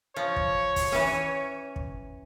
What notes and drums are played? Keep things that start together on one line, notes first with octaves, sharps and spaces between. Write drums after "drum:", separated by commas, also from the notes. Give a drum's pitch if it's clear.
F3 C#5
drum: kick
drum: kick, open hi-hat
E3 C#4
drum: kick